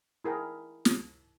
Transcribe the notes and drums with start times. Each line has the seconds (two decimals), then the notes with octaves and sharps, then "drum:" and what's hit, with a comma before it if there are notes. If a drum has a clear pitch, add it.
0.24 E4 G#4 A#4 G5
0.85 drum: snare